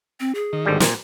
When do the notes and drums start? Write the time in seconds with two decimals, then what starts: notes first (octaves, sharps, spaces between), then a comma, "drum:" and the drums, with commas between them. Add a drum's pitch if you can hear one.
0.20 C4
0.35 G#4
0.53 D#3
0.66 G#1 D3 G3
0.80 A#2, drum: snare